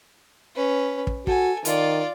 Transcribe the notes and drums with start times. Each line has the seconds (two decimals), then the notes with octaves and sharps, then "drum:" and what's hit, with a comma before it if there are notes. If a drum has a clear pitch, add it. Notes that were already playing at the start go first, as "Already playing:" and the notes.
0.55 C#4 B4
1.07 drum: kick
1.27 F#4 A4 G#5, drum: kick
1.65 D#3 F4 D5, drum: hi-hat